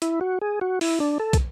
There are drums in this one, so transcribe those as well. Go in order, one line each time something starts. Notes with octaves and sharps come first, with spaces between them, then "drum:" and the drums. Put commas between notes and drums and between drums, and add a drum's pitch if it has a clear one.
E4, drum: hi-hat
F#4
G#4
F#4
E4, drum: open hi-hat
D4
A4
drum: kick, hi-hat